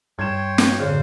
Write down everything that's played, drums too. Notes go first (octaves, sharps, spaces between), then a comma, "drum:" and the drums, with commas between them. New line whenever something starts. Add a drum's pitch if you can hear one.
G2 C#5 G5 C6 G#6 E7
drum: snare
F#2 A2 D3 G#4 C5 C#5 F5